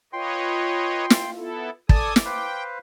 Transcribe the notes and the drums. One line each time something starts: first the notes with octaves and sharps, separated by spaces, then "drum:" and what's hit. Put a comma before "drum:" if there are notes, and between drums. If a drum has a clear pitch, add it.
F4 B4 C#5 D#5 G5 C6
drum: snare
B3 E4 A4
A4 D5 G#5 A5 D6 D#6, drum: kick
drum: snare
B4 C5 F5 G5